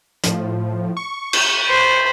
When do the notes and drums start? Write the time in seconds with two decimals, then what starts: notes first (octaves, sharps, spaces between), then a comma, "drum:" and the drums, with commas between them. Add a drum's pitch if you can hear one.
0.24 A2 F3, drum: hi-hat
0.97 C#6
1.33 drum: cymbal
1.67 C5 B5